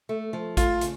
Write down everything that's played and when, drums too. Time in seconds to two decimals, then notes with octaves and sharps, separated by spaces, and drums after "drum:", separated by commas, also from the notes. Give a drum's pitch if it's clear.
0.09 A3
0.33 F3
0.57 A3 F4, drum: kick, hi-hat
0.81 C#3, drum: hi-hat